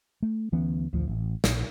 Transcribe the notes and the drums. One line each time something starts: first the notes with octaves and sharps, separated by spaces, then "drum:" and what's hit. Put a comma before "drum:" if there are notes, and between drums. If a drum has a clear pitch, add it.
A3
D2 E3 B3 C#4
A1 D2 F3
A1
A#1, drum: snare